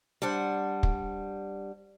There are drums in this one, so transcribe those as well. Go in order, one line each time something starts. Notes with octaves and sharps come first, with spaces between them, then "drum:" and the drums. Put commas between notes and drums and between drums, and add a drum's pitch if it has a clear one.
G3 D4 C5 F#5
drum: kick